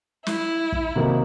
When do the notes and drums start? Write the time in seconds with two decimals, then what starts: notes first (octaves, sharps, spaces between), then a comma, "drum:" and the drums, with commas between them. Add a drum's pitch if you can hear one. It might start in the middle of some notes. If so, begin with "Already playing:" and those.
0.26 E4, drum: snare
0.72 drum: kick
0.95 C3 D#3 F#3 A#3 D#4